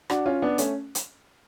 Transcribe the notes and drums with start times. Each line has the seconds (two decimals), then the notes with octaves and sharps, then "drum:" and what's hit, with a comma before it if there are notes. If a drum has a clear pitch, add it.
0.10 D4 F#4, drum: rim click
0.26 C#4 F4
0.42 B3 D4
0.58 A3 C#4, drum: hi-hat
0.95 drum: hi-hat